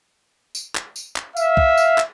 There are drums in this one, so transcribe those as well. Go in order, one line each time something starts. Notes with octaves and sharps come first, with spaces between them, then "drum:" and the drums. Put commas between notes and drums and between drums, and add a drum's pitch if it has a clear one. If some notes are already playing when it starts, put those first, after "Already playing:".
drum: tambourine
drum: clap
drum: tambourine
drum: clap
E5 F5, drum: tambourine
drum: kick
drum: tambourine
drum: clap